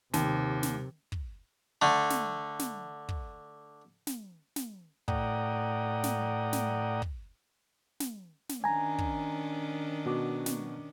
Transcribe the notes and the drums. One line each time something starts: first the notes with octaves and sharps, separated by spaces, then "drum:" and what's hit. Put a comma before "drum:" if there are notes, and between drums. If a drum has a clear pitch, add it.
D#2 C3, drum: snare
drum: snare
drum: kick
D3 A3
drum: snare
drum: snare
drum: kick
drum: snare
drum: snare
A2 D5 F#5 G5 A#5 D#6, drum: kick
drum: snare
drum: snare
drum: kick
drum: snare
drum: snare
D#3 C#4 D4 G#5 A#5
drum: kick
B2 F#4 D6
drum: snare